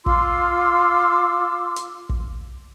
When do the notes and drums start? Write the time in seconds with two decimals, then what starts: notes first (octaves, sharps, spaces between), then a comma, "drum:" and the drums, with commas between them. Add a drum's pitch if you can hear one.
0.06 F4 C6 D6 E6, drum: kick
1.76 drum: hi-hat
2.10 drum: kick